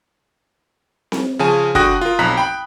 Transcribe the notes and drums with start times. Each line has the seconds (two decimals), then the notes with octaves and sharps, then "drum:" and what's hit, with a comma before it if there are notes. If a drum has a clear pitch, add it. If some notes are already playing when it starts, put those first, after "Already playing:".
1.12 drum: snare C4
1.39 C#3 F3 G#4 G#5 A5
1.75 D3 F#4 G5 D#6 F#6 A#6, drum: kick
2.01 F4 A#4
2.19 B1 F2 A#5 F#6 B6
2.37 G5 B5